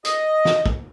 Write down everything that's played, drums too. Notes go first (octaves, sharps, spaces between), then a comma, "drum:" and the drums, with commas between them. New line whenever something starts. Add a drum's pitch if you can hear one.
D#5, drum: hi-hat
drum: snare
drum: kick